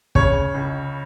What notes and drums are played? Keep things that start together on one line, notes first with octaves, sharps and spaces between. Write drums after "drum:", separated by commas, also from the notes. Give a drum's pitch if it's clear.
C#3 C#5, drum: kick
C#2